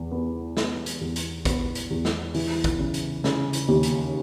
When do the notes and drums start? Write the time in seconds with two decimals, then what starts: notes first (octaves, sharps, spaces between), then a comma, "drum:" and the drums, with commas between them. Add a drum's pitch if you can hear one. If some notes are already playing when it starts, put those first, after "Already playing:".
Already playing: E2
0.11 B3
0.57 B3, drum: snare
0.86 drum: hi-hat
1.01 E2
1.16 drum: hi-hat
1.45 B3, drum: kick, hi-hat
1.75 drum: hi-hat
1.91 E2
2.05 drum: snare
2.34 E3, drum: open hi-hat
2.64 drum: kick, hi-hat
2.79 C#3
2.94 drum: hi-hat
3.24 C#3, drum: snare
3.53 drum: hi-hat
3.68 D#2
3.83 drum: hi-hat